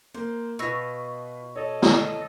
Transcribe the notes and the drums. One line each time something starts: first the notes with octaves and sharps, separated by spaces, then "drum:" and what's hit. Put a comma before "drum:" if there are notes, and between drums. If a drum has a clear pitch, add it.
A#3 C5
B2 F4 B4 C#6 E6 A#6
A4 C#5 D#5
drum: snare